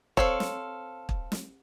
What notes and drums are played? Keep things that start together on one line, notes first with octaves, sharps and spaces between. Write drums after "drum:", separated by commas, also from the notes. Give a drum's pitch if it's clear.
C4 A4 C#5 F5, drum: kick
drum: snare
drum: kick
drum: snare